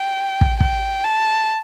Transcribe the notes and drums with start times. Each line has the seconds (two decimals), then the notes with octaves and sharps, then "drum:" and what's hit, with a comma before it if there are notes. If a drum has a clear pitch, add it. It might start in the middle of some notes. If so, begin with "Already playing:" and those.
Already playing: G5
0.41 drum: kick
0.60 G5, drum: kick
1.04 A5